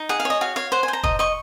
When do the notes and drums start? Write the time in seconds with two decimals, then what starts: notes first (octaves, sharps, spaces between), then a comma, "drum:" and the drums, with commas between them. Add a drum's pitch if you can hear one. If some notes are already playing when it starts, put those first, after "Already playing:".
Already playing: D#4
0.09 G#4 F#5
0.20 F5
0.25 C#5 D#5
0.41 F#4 F5
0.56 C#5 F5
0.72 C5 F#5
0.83 G#5
0.88 C5
0.93 A#5
1.03 D#5 A#5, drum: kick
1.19 D#5 C#6